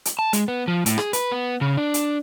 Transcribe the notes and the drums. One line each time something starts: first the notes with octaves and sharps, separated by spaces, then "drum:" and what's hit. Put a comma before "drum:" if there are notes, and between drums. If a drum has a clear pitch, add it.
drum: hi-hat
A5
G#3, drum: hi-hat
B3
F3
A2, drum: hi-hat
G#4, drum: rim click
B4, drum: hi-hat
B3
C#3
D4
drum: hi-hat